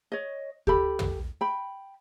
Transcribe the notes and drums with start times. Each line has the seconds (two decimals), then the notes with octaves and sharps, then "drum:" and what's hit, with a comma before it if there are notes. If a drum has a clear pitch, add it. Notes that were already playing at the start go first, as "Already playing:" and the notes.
0.12 C#5 D#5
0.67 G4 A4 B5, drum: kick D2
0.99 drum: tom
1.41 G5 B5